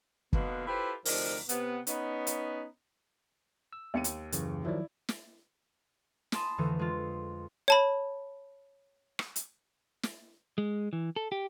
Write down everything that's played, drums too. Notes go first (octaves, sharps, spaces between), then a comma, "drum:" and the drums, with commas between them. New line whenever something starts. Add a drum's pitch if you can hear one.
B2 D3 D#3 A#3 B3, drum: kick
E4 F4 G4 A4 B4 C5
D2 C3 F3 D4 D#4 A#4, drum: open hi-hat
C3 B3, drum: hi-hat
B3 C#4 D#4, drum: hi-hat
drum: hi-hat
E6
D#2 C#7 D#7
drum: hi-hat
F#2 C#3 E3, drum: hi-hat
D#3 F3 F#3 E4 D5
drum: snare
G#5 A5 B5 C6 D#6, drum: snare
F2 D3 E3 A3
G#3 F4
C#5 A5 B5
drum: rim click
drum: hi-hat
drum: snare
G#3
E3
A4
G4